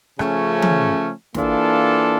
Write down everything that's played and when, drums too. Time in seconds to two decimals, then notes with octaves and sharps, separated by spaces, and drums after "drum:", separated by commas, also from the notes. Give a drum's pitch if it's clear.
0.19 C#3 F3 A3 C#4, drum: rim click
0.62 drum: tom E3
1.34 E3 A#3 D4 F4 A4, drum: snare